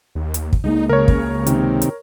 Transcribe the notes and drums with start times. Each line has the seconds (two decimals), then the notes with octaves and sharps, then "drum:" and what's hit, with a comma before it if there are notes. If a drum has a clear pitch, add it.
0.15 D#2
0.34 drum: hi-hat
0.53 drum: kick
0.64 C#2 G#3 A#3 D#4
0.89 C#3 A#4 C#5
1.08 drum: kick
1.47 C3 D#3, drum: hi-hat
1.82 drum: hi-hat